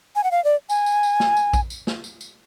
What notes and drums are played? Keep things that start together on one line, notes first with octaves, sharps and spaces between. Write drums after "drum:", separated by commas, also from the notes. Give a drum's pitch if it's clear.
G#5
F#5
F5
D5
G#5, drum: tambourine
drum: tambourine
drum: tambourine
drum: snare
drum: tambourine
drum: kick A#1, tambourine
drum: tambourine
drum: snare
drum: tambourine
drum: tambourine